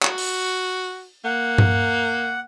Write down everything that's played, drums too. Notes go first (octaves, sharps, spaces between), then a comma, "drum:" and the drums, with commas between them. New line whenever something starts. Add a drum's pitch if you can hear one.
F#4, drum: clap
drum: open hi-hat
A#3 F#5
drum: tom G2